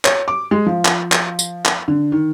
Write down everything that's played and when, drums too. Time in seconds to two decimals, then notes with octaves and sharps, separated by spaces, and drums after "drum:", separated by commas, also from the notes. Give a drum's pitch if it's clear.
0.05 C#5, drum: clap
0.28 D6
0.51 G#3
0.66 F3
0.85 drum: clap
1.12 drum: clap
1.39 drum: tambourine
1.66 drum: clap
1.88 D3
2.12 D#3